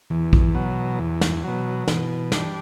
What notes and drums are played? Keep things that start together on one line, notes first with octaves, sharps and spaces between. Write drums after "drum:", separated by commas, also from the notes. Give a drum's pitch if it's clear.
E2 E3
drum: kick
B2 F#3
E2
drum: snare
B2 F#3
B2 E3, drum: snare
G3 D4, drum: snare